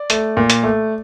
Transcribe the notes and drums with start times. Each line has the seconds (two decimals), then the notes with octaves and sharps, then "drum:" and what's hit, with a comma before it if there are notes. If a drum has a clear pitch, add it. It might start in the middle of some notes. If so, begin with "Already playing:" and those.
Already playing: D5
0.10 A3, drum: hi-hat
0.37 A#2
0.50 drum: hi-hat
0.63 A3